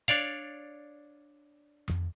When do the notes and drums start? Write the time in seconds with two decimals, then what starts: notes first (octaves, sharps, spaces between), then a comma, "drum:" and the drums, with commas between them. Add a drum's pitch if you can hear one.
0.08 D4 C#5 D5 F5
1.88 drum: tom F2